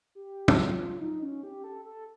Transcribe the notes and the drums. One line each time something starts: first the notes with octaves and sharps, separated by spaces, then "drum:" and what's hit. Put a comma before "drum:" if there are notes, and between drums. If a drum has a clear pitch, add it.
G4
F#4, drum: tom
F4
D#4
C#4
G4
A4
A4